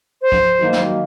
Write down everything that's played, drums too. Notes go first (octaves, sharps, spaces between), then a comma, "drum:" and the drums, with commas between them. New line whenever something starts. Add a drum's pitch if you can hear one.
C5
drum: kick C#2
D#3 F#3 A#3
drum: snare